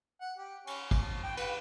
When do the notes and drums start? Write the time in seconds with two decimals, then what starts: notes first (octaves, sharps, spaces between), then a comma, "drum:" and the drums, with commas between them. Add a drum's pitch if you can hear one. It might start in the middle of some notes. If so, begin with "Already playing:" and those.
0.21 F#5
0.38 G4
0.67 C#4, drum: cymbal
0.91 drum: kick, cymbal
1.02 F3
1.23 G5
1.37 B4, drum: cymbal